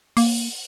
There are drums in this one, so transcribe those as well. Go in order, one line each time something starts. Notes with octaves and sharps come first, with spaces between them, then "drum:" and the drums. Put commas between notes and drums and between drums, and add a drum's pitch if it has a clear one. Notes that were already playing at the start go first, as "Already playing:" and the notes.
A#3, drum: open hi-hat